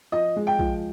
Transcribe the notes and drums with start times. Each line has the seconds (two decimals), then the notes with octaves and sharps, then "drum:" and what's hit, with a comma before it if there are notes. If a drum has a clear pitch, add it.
0.12 F3 D#5
0.36 G#3
0.47 G5
0.59 F3, drum: kick